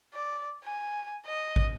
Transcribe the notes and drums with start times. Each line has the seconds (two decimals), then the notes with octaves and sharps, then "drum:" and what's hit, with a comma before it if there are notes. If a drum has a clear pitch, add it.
0.14 D5
0.64 G#5
1.26 D#5
1.56 drum: kick